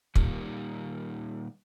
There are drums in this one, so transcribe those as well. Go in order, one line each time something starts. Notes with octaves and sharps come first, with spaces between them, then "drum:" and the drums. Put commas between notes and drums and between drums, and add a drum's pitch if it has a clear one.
A#2 D#3 G3, drum: kick